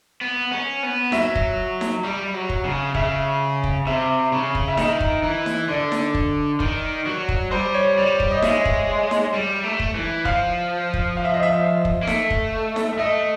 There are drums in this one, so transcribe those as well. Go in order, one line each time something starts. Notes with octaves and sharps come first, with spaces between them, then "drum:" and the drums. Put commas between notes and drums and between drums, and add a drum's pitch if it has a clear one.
B3
C#4
B3
F#3 E5, drum: snare D#4
drum: kick
drum: snare D#4
G3
F#3
drum: kick
C#3
C#3 E5, drum: kick
drum: kick
C3 E5
C#3
drum: kick
E5
D#3 D#5, drum: snare D#4
drum: kick
E3
drum: snare D#4
D3 D5
drum: snare D#4
drum: kick
D#3, drum: kick
F#3
drum: kick
G3 C5
C#5
G3 D5
drum: kick
D#5
G#3 E5, drum: snare D#4
drum: kick
drum: snare D#4
G3
A3
drum: kick
E3
F3 F5, drum: kick
drum: kick
F5
E5
D#5
E5
drum: kick
A#3
A3, drum: snare D#4
drum: kick
drum: snare D#4
E5
A3 D#5